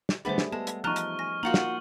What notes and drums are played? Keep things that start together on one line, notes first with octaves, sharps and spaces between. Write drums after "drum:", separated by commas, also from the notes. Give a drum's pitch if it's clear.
drum: snare
D3 G3 A3 B3 G#4 C5 E5 B5
drum: snare
G#3 B3 A4 A5
drum: hi-hat
E2 F3 D#4 A5 A#5 C#6 F6 F#6
drum: hi-hat
G#5 A#6
A#3 D#4 F4 F#4 F#5 A#5 F#7
drum: snare